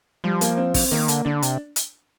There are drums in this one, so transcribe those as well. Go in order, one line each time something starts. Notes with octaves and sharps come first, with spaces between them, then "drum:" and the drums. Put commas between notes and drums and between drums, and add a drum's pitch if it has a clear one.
F3 G3
A#3, drum: hi-hat
C4
C4, drum: kick, open hi-hat
D#3 A#3
D3, drum: hi-hat
D3 D4
C3, drum: hi-hat
drum: hi-hat